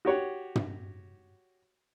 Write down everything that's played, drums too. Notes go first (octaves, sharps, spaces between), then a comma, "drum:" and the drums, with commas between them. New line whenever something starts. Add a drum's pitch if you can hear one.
F#4 G4 C#5 F#5
drum: tom